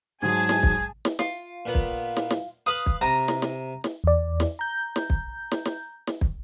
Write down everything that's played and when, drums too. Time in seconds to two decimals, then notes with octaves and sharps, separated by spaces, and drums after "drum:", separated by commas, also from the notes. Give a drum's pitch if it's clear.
0.22 G#2 F#3 G#4 G#5 A5 G#6
0.49 drum: snare
0.63 drum: kick
1.05 drum: snare
1.19 F4, drum: snare
1.66 A#2 B3
1.75 drum: kick
2.17 drum: snare
2.31 drum: snare
2.66 B4 F5 D#6
2.86 drum: kick
3.01 C3 A#5
3.28 drum: snare
3.42 drum: snare
3.84 drum: snare
4.04 E2 D5
4.40 drum: snare
4.59 A#5 G6
4.96 drum: snare
5.10 drum: kick
5.52 drum: snare
5.65 drum: snare
6.07 drum: snare
6.21 drum: kick